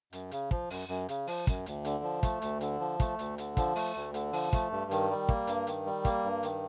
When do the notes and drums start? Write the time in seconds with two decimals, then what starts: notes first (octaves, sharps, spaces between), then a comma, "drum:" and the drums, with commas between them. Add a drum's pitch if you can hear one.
0.13 F#2, drum: hi-hat
0.31 C#3, drum: hi-hat
0.51 F3, drum: kick
0.70 F#2, drum: open hi-hat
0.89 F#2
1.09 C#3, drum: hi-hat
1.27 F3, drum: open hi-hat
1.47 F#2, drum: kick, hi-hat
1.66 D2, drum: hi-hat
1.85 D3, drum: hi-hat
2.04 F3
2.23 A3, drum: kick, hi-hat
2.42 D2, drum: hi-hat
2.61 D3, drum: hi-hat
2.80 F3
3.00 A3, drum: kick, hi-hat
3.19 D2, drum: hi-hat
3.38 D3, drum: hi-hat
3.57 F3, drum: kick, hi-hat
3.75 A3, drum: open hi-hat
3.96 D2
4.14 D3, drum: hi-hat
4.33 F3, drum: open hi-hat
4.53 A3, drum: kick, hi-hat
4.71 G2
4.91 D#3, drum: hi-hat
5.10 G3
5.29 A#3, drum: kick
5.47 G2, drum: hi-hat
5.67 D#3, drum: hi-hat
5.86 G3
6.05 A#3, drum: kick, hi-hat
6.24 G2
6.43 D#3, drum: hi-hat